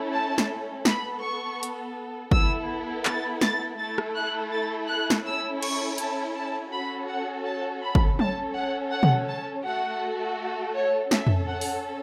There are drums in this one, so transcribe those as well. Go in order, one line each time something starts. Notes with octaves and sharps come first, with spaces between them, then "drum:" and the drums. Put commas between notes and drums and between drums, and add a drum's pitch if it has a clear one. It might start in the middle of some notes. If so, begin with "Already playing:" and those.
Already playing: A3 C#4 E4 A4
A5
drum: snare
B3 A4 B5, drum: snare
C#6
drum: hi-hat
B3 E4 A4 E6, drum: kick
A6, drum: clap
A6, drum: snare
A3 E4 A4 A6
drum: rim click
F#6
A6
F#6
drum: snare
C#4 E4 A4 E6
C#6, drum: cymbal
A5, drum: hi-hat
A5
C#4 F#4 A4 B5
F#5
A5
B5
drum: kick
C#4 A4 A5, drum: tom F#3
F#5
F#5
drum: tom B2
A5
A3 F#4 A4 F#5
C#5
C#4 A4 E5, drum: snare
drum: tom F2
F#5
drum: open hi-hat